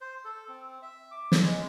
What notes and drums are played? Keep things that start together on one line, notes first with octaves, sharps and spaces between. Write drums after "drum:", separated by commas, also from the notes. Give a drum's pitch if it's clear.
C5
A4
C4
E5
D6
drum: snare
G#3